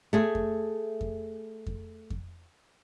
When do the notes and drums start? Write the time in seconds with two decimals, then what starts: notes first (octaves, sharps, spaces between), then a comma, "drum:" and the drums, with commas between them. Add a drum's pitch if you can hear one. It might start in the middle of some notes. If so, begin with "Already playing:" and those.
0.13 A3 G#4
0.35 drum: kick F2
1.01 drum: kick F2
1.66 drum: kick F2
2.10 drum: kick F2